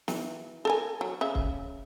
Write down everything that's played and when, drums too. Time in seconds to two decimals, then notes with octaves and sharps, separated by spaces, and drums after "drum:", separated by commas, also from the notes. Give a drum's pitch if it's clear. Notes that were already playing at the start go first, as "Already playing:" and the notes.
0.08 E3, drum: snare
0.65 A4 A#4 G#5
1.01 F#3
1.21 C#3 E5
1.35 drum: kick C#1